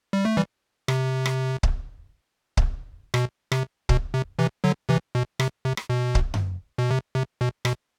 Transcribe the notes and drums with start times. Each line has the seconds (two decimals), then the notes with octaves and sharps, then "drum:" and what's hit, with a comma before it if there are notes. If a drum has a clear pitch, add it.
0.13 G3
0.25 A3
0.37 E3 G3
0.88 C3, drum: rim click
1.26 drum: rim click
1.63 drum: kick C#1
2.57 drum: kick C#1
3.14 B2, drum: rim click
3.52 C3, drum: rim click
3.89 B2, drum: kick C#1
4.14 C3
4.39 C3 E3
4.64 D3 F#3
4.89 C3 E3
5.15 B2
5.40 C3, drum: rim click
5.65 C3
5.77 drum: rim click
5.90 B2
6.15 drum: kick C#1
6.34 drum: tom F#2
6.78 B2
6.91 C3
7.15 C3
7.41 B2
7.65 B2, drum: rim click